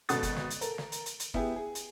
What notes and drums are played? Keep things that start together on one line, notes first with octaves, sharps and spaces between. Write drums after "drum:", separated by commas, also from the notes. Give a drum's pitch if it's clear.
G#1 B2 A4 F#5 D#6 A6, drum: hi-hat
drum: kick, hi-hat
drum: snare
drum: hi-hat
A4 A#4, drum: hi-hat
drum: snare
drum: hi-hat
drum: hi-hat
drum: hi-hat
B3 E4 G4 G#4, drum: kick
G#4
drum: hi-hat